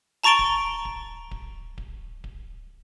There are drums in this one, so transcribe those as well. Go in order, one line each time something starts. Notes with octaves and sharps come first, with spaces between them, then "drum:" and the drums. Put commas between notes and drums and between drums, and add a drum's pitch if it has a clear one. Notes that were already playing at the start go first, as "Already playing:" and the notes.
A5 A#5 C#6 A6 D7 G7
drum: kick D1
drum: kick D1
drum: kick D1
drum: kick D1
drum: kick D1